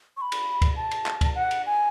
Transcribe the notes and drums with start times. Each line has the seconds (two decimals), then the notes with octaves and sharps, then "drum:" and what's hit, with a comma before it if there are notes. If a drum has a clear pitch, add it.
0.17 C#6
0.21 B5
0.32 drum: cymbal
0.62 drum: kick C#2, cymbal
0.76 A5
0.91 drum: cymbal
1.06 drum: clap
1.21 drum: kick C#2, cymbal
1.35 F#5
1.51 drum: cymbal
1.66 G#5